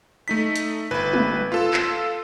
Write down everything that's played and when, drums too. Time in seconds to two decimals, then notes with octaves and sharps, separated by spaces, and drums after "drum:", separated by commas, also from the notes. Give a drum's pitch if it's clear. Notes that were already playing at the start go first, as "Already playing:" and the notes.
0.28 A3 D#4 B6
0.56 drum: hi-hat
0.91 G1 B4
1.13 drum: tom
1.52 F4 A4
1.73 drum: clap